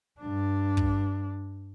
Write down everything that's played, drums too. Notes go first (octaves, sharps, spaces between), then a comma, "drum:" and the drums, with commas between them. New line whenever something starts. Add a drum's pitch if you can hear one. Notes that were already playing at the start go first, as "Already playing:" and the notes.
G2 D4
drum: kick